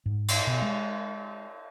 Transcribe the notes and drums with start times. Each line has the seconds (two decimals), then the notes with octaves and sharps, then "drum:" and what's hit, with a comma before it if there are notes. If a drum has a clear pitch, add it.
0.06 G#2
0.28 drum: cymbal
0.47 B2
0.62 G#3